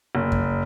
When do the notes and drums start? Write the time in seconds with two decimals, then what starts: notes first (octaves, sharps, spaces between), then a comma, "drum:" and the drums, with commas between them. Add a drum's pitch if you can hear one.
0.15 F#1
0.32 drum: kick F#2